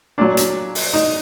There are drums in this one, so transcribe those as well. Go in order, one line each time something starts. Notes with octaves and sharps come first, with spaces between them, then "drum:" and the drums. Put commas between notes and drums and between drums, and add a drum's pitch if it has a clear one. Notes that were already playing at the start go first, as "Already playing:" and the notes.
A#2 F#3 D4
drum: hi-hat
drum: open hi-hat
D#4